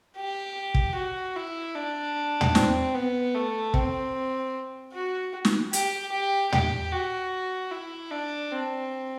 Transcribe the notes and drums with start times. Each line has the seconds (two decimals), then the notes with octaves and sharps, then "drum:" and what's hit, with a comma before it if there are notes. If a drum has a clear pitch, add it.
0.17 G4
0.74 drum: kick
0.95 F#4
1.36 E4
1.75 D4
2.41 drum: tom
2.55 C4, drum: snare
2.95 B3
3.34 A3
3.74 C4, drum: kick
4.93 F#4
5.45 drum: snare
5.73 G4, drum: hi-hat
6.12 G4
6.52 G4, drum: tom
6.92 F#4
7.72 E4
8.11 D4
8.52 C4